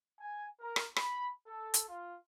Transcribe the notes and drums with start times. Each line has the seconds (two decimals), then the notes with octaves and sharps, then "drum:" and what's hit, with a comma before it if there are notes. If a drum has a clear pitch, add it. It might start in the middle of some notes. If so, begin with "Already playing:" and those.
0.19 G#5
0.60 A#4
0.76 drum: rim click
0.96 B5, drum: rim click
1.47 A4
1.74 drum: hi-hat
1.88 F4